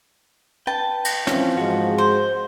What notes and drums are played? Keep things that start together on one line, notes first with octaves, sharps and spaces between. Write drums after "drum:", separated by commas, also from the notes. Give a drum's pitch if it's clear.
B4 G5 A5
drum: cymbal
E3 F3 C4 C#4, drum: snare
G#2 G#3 F#4
C5